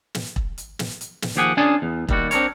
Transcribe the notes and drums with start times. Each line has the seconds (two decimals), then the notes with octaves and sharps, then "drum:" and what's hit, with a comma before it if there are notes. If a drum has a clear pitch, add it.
0.15 drum: snare
0.36 drum: kick E1
0.58 drum: hi-hat
0.79 drum: snare
1.01 drum: hi-hat
1.22 drum: snare
1.36 D#2 F3 G4 G#4 F#5 G#5
1.57 C#4 D4 F4 G#4 G#5 A5
1.82 E2
2.09 D#2 G3 F#4, drum: kick E1
2.31 C4 D4 A#4 C#5, drum: hi-hat